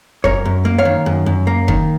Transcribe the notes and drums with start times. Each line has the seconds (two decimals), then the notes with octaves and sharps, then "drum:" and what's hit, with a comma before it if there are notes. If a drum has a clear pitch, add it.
0.24 F#2 A#4 C#5, drum: kick F1
0.45 F#2
0.65 A#3
0.78 C#5 F5
0.85 D#3
1.06 F#2
1.26 F#2
1.47 A#3
1.68 D#3, drum: kick F1